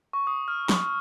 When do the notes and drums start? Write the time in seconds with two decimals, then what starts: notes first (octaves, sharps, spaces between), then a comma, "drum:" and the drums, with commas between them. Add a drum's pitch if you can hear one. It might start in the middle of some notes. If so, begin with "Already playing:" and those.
0.13 C#6
0.27 D#6
0.48 F6
0.69 D#6, drum: snare